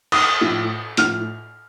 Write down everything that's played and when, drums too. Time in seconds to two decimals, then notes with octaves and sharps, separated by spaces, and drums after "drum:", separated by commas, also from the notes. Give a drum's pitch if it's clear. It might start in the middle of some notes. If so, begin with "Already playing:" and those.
0.12 D#6, drum: cymbal
0.41 A2 F3
0.97 A2 F3 F6, drum: hi-hat